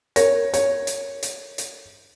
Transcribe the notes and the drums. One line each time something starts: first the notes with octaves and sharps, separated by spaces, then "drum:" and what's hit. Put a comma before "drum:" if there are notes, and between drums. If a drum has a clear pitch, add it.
A#4 C#5, drum: hi-hat
C#5, drum: hi-hat
drum: hi-hat
drum: hi-hat
drum: hi-hat